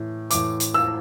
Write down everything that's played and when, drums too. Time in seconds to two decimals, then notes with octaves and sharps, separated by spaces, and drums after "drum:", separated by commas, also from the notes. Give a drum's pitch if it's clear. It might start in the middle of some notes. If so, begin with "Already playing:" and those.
Already playing: A2 E3
0.31 A2 E3 D6, drum: hi-hat
0.60 drum: hi-hat
0.74 E6